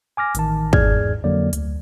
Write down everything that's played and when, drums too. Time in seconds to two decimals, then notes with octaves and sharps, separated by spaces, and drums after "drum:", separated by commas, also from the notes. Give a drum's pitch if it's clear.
0.17 G#5 D6 F6 A#6
0.35 A1 D#3 A5, drum: hi-hat
0.73 E2 G#2 G#4 D5 F6 G#6, drum: kick
1.24 F2 D3 F#3 A#3 D5
1.53 D2, drum: hi-hat